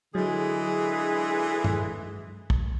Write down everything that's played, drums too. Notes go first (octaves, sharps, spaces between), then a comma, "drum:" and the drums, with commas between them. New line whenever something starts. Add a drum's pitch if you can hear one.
D3 E3 F#3 G#3 G#4
drum: tom G2
drum: kick